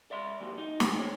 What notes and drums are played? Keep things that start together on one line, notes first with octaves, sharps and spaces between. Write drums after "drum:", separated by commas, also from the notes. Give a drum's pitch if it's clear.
D5 E5 C6
A#2 F#3 G4
D#4
C#3 E3 A#3 C4 F#4 G#4, drum: snare
C#5 G5